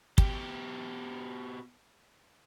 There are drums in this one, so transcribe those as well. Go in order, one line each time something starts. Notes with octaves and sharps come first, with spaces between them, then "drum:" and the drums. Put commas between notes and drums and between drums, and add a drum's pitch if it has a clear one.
B2 G4, drum: kick